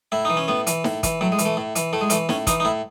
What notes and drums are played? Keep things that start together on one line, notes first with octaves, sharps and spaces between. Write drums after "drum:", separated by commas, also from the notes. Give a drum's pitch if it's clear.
A2 E4
E3 D#4
C#4
A2 B3
E3, drum: hi-hat
A2, drum: snare D#4
E3, drum: kick, hi-hat
A2 F#3
G#3
E3, drum: hi-hat
A3
A2
E3, drum: hi-hat
A2 A3
G#3
E3 A3, drum: hi-hat
A2 C#4, drum: snare D#4
E3 D#4, drum: kick, hi-hat
D#4
A2 E4